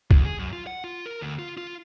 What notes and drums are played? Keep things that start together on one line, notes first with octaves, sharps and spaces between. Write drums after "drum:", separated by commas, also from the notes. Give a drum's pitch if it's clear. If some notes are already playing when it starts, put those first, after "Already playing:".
D2, drum: kick C2
G#4
F#2
F4
F#5
F4
A#4
D2
F4
F4